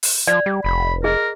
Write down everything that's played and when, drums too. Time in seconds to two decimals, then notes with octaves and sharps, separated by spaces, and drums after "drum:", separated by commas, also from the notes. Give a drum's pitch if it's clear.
0.03 drum: open hi-hat
0.27 F3 D5
0.46 G3
0.64 F1 B5
1.04 G#4 A#4 D#5